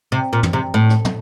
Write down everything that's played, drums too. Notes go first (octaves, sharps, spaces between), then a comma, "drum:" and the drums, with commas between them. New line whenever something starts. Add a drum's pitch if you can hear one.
C3
A#2
drum: tom
C3
A2
drum: rim click
drum: tom